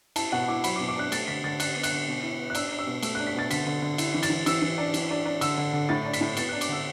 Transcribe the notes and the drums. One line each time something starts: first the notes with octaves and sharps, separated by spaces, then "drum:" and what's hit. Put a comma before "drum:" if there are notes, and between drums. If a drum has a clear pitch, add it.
E4 A5, drum: cymbal
B2 F#5
E4 D6
F#3 B5, drum: cymbal
D6
B2
D6
D4 F#6
A3 A6, drum: cymbal
D3 B6
D3 A6
D4 F#6, drum: cymbal
B3
F#6, drum: cymbal
D3
B2
E4
B3
F#6
D4 E6, drum: cymbal
D4
E6
B2
A3 E6, drum: cymbal
D4 F#6
B6
B2 A6
D3 B6, drum: cymbal
D3
D3
E4, drum: cymbal
E3
A6, drum: cymbal
E3
E3 E6, drum: cymbal
E3
D4
E3, drum: cymbal
D4
D4
D3 E6, drum: cymbal
D3
D3
A2 A6
D4
B6, drum: cymbal
A2
B3 A6, drum: cymbal
D4 F#6
D6, drum: cymbal
D3 E6